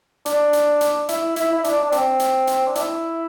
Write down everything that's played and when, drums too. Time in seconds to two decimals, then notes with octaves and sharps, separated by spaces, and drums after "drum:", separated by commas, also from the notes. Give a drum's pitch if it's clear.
0.26 D4, drum: hi-hat
0.53 drum: hi-hat
0.81 drum: hi-hat
1.09 E4, drum: hi-hat
1.36 E4, drum: hi-hat
1.53 E4
1.64 D4, drum: hi-hat
1.83 D4
1.92 C4, drum: hi-hat
2.19 drum: hi-hat
2.47 drum: hi-hat
2.67 D4
2.75 E4, drum: hi-hat